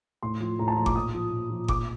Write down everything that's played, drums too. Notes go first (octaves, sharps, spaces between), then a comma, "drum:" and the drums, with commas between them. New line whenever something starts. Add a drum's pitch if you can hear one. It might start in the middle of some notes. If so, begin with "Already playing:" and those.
A2 C6
F3
A2 A#5
A5
F3 A#5
D6, drum: kick G1
A#2 D#6
F3
A#2
F3
A#2 D6, drum: kick G1